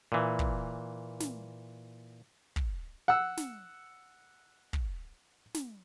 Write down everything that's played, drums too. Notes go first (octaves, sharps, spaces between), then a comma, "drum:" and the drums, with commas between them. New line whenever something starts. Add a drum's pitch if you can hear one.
A#2 E3
drum: kick
drum: snare
drum: kick
F#5 E6
drum: snare
drum: kick
drum: snare